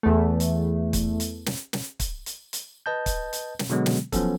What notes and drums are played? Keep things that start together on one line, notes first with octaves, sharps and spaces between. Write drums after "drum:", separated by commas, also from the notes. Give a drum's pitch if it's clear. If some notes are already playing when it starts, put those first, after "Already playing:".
E2 A3
drum: hi-hat
drum: kick, hi-hat
drum: hi-hat
drum: snare
drum: snare
drum: kick, hi-hat
drum: hi-hat
drum: hi-hat
B4 D#5 A5 G6
drum: kick, hi-hat
drum: hi-hat
drum: snare
B2 D3 F#3 G#3 B3
drum: snare
F3 F#3 B3 C#4 A4, drum: kick, hi-hat